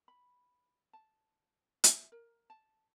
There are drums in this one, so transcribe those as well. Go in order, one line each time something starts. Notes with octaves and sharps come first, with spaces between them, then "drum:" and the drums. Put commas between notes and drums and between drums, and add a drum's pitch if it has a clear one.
B5
A5
E5, drum: hi-hat
A#4
A5